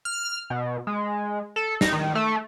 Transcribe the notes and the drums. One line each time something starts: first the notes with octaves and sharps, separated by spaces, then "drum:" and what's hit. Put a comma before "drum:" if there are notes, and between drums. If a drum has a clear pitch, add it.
F6
B2
G#3
A4
D#4, drum: snare
D#3
A3